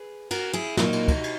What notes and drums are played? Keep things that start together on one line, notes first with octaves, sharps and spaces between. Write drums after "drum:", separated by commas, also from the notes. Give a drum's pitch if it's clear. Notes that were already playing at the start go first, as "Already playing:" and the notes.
Already playing: G#4 B4
F#4 A#4, drum: cymbal
E4 G#4
A#2 F#3 A#3 D#4 F#4, drum: snare
drum: cymbal
drum: kick, cymbal
drum: cymbal